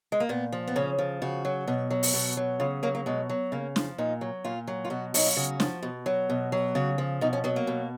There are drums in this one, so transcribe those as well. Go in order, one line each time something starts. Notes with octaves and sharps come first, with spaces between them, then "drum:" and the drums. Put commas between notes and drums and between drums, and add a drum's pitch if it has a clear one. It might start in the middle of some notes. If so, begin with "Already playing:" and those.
G#3
A#3
A#2 B3
F3
B3
C#3 C#4
F3
C#3 F#4
F#3
B2
F#3
drum: open hi-hat
B2
F#3
C#3 F4
F#3 A#3
A#3
B2 G#3
F#3
C#3 A#3
F3, drum: snare
A#2 D#4
F#3
A#2 F4
F#3
F4
B2 F#4
F#3 D#4, drum: open hi-hat
F4
C#3 F#4
F3, drum: snare
B2
F#3
B2
F#3
C#3 F#4
F3
B2 D#4
C#4
F#3 B3
A#3
B2